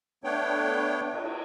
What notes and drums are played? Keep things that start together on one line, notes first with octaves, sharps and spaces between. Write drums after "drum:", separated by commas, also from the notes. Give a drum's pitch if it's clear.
A3 B3 D4 C#5 G5
drum: cymbal